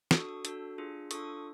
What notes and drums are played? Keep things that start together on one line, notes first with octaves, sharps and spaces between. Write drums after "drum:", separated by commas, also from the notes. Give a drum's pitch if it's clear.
D4 F#4 A4 C#6 D#6, drum: snare
D4 F#4 A4, drum: hi-hat
D4 F4 G#4
D4 F4 A4 C#6 D#6, drum: hi-hat